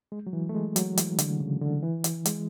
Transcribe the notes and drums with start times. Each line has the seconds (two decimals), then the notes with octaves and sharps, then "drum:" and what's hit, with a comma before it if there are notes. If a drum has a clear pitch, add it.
0.12 G#3
0.27 F#3
0.33 E3
0.49 A3
0.55 G#3
0.76 F#3, drum: hi-hat
0.97 E3, drum: hi-hat
1.18 D3, drum: hi-hat
1.40 C#3
1.61 D3
1.83 E3
2.04 drum: hi-hat
2.25 G#3, drum: hi-hat